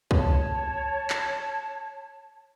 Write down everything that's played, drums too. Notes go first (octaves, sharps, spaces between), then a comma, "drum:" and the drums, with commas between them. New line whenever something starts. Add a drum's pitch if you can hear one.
C#5 A5, drum: kick
drum: clap